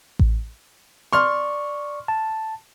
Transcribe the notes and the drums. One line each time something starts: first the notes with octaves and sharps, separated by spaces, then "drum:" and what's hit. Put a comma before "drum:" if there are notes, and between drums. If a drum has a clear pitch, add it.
drum: kick A1
D5 C6 C#6 F6
A5